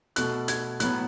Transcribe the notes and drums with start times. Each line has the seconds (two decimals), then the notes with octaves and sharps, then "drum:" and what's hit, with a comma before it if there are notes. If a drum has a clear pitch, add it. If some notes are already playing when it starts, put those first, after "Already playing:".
0.16 B2 A3 F#6, drum: hi-hat
0.48 G#6, drum: hi-hat
0.80 A2 F#3 B3 F#6, drum: hi-hat